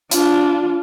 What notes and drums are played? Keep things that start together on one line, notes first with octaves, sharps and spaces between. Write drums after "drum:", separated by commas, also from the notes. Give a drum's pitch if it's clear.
D4 F4, drum: hi-hat